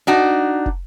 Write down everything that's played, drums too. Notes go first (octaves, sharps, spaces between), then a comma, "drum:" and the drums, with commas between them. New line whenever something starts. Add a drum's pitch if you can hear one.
D4 D#4 F#4
drum: kick